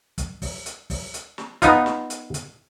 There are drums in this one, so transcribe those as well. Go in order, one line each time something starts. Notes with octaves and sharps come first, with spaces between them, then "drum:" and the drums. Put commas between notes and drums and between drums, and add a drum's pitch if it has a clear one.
drum: kick, hi-hat
drum: kick, open hi-hat
drum: hi-hat
drum: kick, open hi-hat
drum: hi-hat
drum: snare
B3 D#4 F4, drum: kick, hi-hat
drum: snare
drum: hi-hat
drum: hi-hat